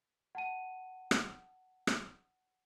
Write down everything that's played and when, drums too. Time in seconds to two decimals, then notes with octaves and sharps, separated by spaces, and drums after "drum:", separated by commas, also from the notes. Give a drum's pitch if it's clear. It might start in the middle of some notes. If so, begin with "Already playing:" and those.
0.35 F#5 A5 D#7
1.11 drum: rim click
1.87 drum: rim click